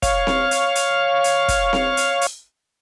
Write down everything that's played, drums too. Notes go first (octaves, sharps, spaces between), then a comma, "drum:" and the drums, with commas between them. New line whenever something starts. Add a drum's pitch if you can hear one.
C#5 F5, drum: kick, hi-hat
drum: snare C4
drum: hi-hat
drum: hi-hat
drum: hi-hat
drum: kick, hi-hat
drum: snare C4
drum: hi-hat
drum: hi-hat